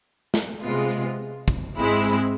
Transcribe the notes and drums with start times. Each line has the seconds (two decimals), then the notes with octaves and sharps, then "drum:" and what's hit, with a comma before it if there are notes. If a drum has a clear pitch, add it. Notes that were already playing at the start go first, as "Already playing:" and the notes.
0.34 drum: snare
0.62 C3 G#3 B3 F4
0.91 drum: hi-hat
1.48 drum: kick, hi-hat
1.76 G#2 G#3 C4 E4
2.05 drum: hi-hat